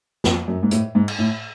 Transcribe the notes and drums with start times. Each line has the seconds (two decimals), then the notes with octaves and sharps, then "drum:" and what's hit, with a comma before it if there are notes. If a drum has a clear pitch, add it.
0.24 F2, drum: snare
0.48 F#2
0.63 G#2
0.71 A2, drum: hi-hat
0.95 G#2
1.08 drum: cymbal
1.19 A2